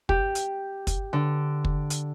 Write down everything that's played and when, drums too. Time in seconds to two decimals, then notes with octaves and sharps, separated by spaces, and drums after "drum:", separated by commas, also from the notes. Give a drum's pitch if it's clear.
0.09 G4, drum: kick
0.35 drum: hi-hat
0.87 drum: kick, hi-hat
1.13 D3
1.65 drum: kick
1.90 drum: hi-hat